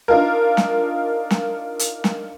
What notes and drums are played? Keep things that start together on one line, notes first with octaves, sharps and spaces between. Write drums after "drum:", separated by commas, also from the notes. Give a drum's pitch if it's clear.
D4 D#4 F4 A#4
drum: snare
drum: snare
drum: hi-hat
drum: snare